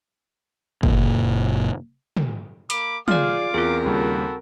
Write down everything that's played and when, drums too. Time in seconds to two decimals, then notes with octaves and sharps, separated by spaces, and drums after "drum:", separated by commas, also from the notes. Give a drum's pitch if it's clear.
0.83 F#1 A#2, drum: kick
2.17 drum: tom
2.70 A#3 B5 D6, drum: hi-hat
3.08 F4 G#4 D5 F5 D6 F6, drum: tom
3.54 E2 C4 F4 G#4 A#4
3.86 D#2 C#3 G3 F#4 A4 B5